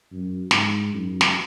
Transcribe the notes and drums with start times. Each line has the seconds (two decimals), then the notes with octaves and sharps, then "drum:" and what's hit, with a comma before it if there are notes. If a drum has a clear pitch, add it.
0.13 F#2
0.51 G#2, drum: snare
0.94 F#2
1.21 drum: snare